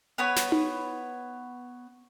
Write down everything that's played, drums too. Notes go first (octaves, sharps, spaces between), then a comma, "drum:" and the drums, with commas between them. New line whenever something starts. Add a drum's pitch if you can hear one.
B3 B4 C#5
drum: snare
drum: tom D#4